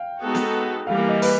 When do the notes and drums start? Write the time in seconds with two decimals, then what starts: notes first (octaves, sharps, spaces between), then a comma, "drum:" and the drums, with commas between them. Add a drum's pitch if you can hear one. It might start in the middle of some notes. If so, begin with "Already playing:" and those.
Already playing: F5 G5
0.20 G#3 B3 D#4 F#4 A4
0.35 drum: snare
0.87 E3 G3 A#3 F5
1.09 D#5
1.22 B4, drum: open hi-hat